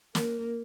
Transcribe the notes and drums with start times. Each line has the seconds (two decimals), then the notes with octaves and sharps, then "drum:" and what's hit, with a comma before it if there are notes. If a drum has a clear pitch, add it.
0.15 A#3, drum: snare